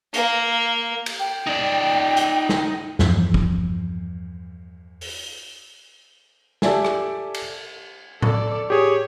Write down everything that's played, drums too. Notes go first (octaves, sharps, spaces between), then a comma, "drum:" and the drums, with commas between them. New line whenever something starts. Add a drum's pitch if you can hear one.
A#3, drum: hi-hat
drum: cymbal
G5
D#4 D5
drum: hi-hat
drum: snare
E2 G2 F3, drum: snare
drum: kick
drum: open hi-hat
G4 A4 D5 E5 G#5, drum: snare
drum: rim click
drum: cymbal
A4 D5, drum: tom A2
G4 G#4 C#5